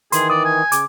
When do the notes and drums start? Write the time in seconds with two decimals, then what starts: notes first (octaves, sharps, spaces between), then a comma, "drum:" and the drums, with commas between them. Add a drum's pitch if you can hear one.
0.12 D#3 E3 G#4 C6, drum: hi-hat
0.30 D5 D#6
0.45 G#5
0.72 C#3 D6, drum: hi-hat